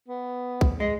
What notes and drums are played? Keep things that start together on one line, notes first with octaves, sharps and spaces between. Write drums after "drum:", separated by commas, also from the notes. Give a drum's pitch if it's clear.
B3
drum: kick
G#3 D#5